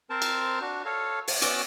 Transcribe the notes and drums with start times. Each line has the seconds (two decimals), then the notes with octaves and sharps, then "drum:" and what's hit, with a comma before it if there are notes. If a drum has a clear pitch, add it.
0.10 C4 A#4 C5 A5
0.22 drum: cymbal
0.61 D4 F#4
0.85 A4 C#5 F5
1.28 drum: open hi-hat
1.42 B3 C#4 F#4 D5 D6 E6, drum: hi-hat